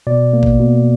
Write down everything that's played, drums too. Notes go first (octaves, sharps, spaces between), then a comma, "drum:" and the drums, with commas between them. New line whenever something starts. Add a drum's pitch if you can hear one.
B2 D5
A#3
drum: kick A1
B2